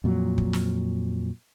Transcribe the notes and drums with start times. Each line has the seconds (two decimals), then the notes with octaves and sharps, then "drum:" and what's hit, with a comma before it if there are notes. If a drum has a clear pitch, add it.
0.04 F2 A#2 F#3
0.38 drum: kick
0.53 drum: snare